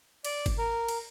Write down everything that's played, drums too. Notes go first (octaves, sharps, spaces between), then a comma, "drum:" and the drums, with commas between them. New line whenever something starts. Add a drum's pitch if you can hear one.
D5, drum: cymbal
drum: kick, cymbal
A#4
drum: cymbal